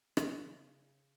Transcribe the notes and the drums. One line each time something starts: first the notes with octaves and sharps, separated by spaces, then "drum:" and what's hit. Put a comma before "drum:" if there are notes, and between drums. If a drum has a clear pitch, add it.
C#3, drum: rim click